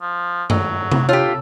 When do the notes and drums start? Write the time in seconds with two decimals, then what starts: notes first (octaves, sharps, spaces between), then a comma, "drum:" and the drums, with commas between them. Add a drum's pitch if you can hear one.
0.01 F3
0.50 F#3 A4, drum: tom F#2
0.92 drum: tom C3
1.09 F4 G4 A4 C#5